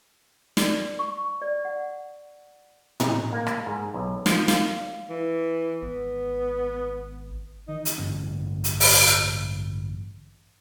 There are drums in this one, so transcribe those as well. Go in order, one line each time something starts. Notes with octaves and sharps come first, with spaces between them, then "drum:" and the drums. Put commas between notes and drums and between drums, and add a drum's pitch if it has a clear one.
D5, drum: snare
C#6
D5
F#5
D#4, drum: tom A2
A#3
drum: rim click
G#2
B1
F3, drum: snare
F5, drum: snare
E3
G#1 B3
D#3 D#4
drum: hi-hat
A1 G2 D3 C#4
drum: hi-hat
drum: open hi-hat